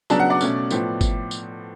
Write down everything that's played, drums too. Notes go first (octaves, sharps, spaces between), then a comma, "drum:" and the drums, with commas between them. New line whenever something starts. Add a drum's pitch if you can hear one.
C#3 F#3 B3 D4 A5, drum: tambourine
F#5
D5
B2 A3 C#4, drum: tambourine
A2 F3 B3, drum: tambourine
drum: kick G1, tambourine
drum: tambourine